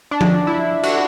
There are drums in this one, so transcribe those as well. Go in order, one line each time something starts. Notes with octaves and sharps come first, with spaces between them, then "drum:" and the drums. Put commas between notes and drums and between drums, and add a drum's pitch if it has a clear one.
D4
drum: tom F3
E4
F#4, drum: cymbal